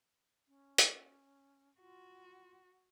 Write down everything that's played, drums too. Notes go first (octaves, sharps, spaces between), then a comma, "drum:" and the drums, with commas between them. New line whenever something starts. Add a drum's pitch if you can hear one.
C#4
drum: hi-hat
F4 F#4